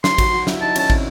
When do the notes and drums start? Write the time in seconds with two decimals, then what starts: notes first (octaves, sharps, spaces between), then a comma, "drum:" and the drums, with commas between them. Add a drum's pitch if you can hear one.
0.04 C6, drum: snare
0.18 F#4, drum: kick, cymbal
0.33 F#4
0.47 E4, drum: snare
0.61 D#4 A5
0.76 C#4 A5, drum: cymbal
0.90 C4, drum: kick